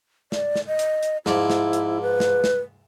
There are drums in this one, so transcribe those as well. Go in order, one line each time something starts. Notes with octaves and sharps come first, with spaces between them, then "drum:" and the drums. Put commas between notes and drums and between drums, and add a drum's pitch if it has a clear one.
D5, drum: snare
drum: snare
D#5
drum: hi-hat
drum: hi-hat
G#2 F3 E4 D5, drum: snare
drum: snare
drum: hi-hat
B4
drum: snare
drum: snare